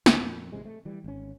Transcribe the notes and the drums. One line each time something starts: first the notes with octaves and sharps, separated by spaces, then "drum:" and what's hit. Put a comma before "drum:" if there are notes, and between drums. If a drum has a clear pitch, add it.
D2, drum: snare
F2 A#2
A1 C3 G#3
A3
E3 G3
G#1 C#4